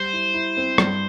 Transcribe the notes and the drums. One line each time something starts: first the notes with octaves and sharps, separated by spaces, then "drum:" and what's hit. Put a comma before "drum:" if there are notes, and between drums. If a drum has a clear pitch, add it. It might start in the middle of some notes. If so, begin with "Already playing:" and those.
Already playing: G3 C5
E4
E4
C4
G2, drum: rim click